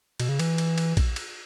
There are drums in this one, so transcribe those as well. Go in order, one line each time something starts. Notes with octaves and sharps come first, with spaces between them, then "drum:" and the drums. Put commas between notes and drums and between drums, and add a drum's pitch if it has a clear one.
B2, drum: cymbal
C#3
E3, drum: cymbal
drum: cymbal
drum: cymbal
drum: kick A#1, cymbal
drum: cymbal